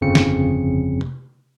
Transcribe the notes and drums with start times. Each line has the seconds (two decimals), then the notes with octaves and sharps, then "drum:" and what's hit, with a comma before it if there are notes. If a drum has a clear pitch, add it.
0.01 G1 F2 C#3 F3 C4 C#7
0.15 drum: snare
1.01 drum: tom C3